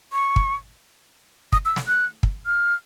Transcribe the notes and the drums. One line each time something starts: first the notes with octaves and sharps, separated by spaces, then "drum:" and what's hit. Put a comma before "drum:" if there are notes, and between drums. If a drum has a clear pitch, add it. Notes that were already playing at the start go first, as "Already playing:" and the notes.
C#6
drum: kick
D#6, drum: kick
E6
drum: snare
F#6
drum: kick
F6